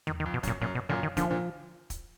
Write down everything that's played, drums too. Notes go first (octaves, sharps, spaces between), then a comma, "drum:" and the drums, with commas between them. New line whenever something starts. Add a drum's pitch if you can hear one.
D#3, drum: tom D#2
D#3
F2
B2
F#2, drum: kick, hi-hat
A#2
F#2 A#2
B2
F#2 A#2 D3
D#3
A#2 D3 F3, drum: kick, hi-hat
A#2 D3
drum: kick, hi-hat